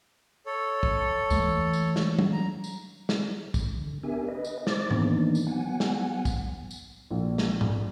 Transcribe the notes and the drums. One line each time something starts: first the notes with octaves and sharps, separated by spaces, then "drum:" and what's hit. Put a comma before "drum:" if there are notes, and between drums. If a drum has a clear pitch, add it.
A4 C#5
drum: kick
E3 A3, drum: tambourine
drum: tambourine
drum: snare
drum: tom
A#5
drum: tambourine
drum: snare
drum: kick, tambourine
D3
B3 D4 G4 A#4 E5 G#5
B4 D#5
drum: tambourine
C5 D6 A6, drum: snare
D#3 E3 A#3 B3 D4 D#4, drum: tom G#2
drum: tambourine
F#3 B3 F#5 G#5
drum: snare
drum: kick, tambourine
drum: tambourine
A#1
drum: snare
drum: tom G#2